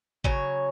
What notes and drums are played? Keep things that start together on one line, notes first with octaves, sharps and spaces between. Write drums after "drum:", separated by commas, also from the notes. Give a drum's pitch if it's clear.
C#3 F#3 C#5, drum: kick